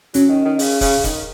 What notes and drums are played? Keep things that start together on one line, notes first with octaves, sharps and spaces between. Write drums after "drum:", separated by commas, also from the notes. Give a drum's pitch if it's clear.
F#3 C#4, drum: hi-hat
D#3
D#3
C#3, drum: open hi-hat
C#3, drum: kick F1, open hi-hat
D#3, drum: kick F1, hi-hat